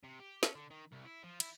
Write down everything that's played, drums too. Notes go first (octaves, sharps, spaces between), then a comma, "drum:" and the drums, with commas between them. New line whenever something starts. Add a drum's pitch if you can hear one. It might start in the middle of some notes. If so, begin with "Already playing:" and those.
C3
G4
C#4, drum: snare
D3
D#3
C2
E4
F3
E4, drum: cymbal